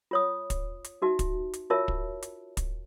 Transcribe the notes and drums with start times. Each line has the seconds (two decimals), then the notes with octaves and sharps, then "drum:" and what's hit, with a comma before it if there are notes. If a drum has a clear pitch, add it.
0.11 F4 C#5 D#6
0.50 drum: kick, hi-hat
0.84 drum: hi-hat
1.02 D#4 F#4 E5 A5
1.19 drum: kick, hi-hat
1.54 drum: hi-hat
1.70 F4 F#4 A#4 C#5 E5 A5
1.88 drum: kick
2.23 drum: hi-hat
2.57 drum: kick, hi-hat